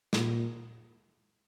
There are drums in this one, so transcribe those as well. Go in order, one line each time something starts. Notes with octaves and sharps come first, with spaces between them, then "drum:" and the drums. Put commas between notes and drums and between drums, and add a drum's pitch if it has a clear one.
A#2, drum: snare